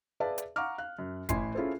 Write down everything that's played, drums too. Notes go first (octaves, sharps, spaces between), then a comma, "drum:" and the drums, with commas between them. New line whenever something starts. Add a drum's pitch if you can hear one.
G#4 B4 D5 E5 F5 A5
drum: hi-hat
F5 F#5 A#5 C#6 D6 F6
F5 F#6
F#2
A1 E4 E5 G#5 C6 C7, drum: kick, hi-hat
C#4 E4 F4 G#4 A4 C5